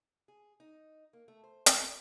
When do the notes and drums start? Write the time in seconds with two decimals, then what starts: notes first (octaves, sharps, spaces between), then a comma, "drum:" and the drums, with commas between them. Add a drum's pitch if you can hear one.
0.28 G#4
0.60 D#4
1.13 A#3
1.28 A3
1.44 C5
1.66 G4, drum: hi-hat